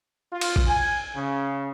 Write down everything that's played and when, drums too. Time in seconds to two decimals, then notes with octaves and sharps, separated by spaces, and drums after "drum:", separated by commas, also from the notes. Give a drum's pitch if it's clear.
0.32 F4
0.41 drum: cymbal
0.56 drum: kick A#1
0.68 G#5
1.15 C#3